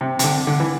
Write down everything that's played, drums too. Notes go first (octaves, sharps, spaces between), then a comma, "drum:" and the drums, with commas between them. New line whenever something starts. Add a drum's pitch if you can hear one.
C3
C3, drum: hi-hat
D3
D3
E3